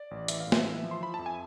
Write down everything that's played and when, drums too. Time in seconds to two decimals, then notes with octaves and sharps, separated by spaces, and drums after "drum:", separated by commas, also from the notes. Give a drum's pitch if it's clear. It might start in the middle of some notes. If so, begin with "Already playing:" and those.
Already playing: D5
0.11 A1
0.28 E3 E5, drum: hi-hat
0.40 F5
0.47 A2
0.52 E5, drum: snare
0.65 E3
0.84 F3
0.91 C6
1.01 F3 B5
1.14 A5
1.19 F2
1.26 G#5